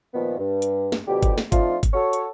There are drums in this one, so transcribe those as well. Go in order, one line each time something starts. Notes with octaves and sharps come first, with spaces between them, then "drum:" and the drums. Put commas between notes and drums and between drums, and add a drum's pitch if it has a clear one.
A#2 D#3 F3 A#3 B3
G2
drum: hi-hat
drum: snare
B2 D3 F3 G4
drum: kick G1, hi-hat
drum: snare
F3 A3 C4 D4 D#4 F4, drum: kick G1, hi-hat
drum: kick G1, hi-hat
F#4 A4 C#5
drum: hi-hat